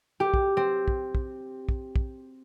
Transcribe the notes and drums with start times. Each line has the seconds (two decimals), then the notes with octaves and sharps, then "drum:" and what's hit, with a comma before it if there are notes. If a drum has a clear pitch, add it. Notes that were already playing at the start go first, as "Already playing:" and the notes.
0.20 G4
0.34 drum: kick
0.57 C4
0.88 drum: kick
1.15 drum: kick
1.69 drum: kick
1.96 drum: kick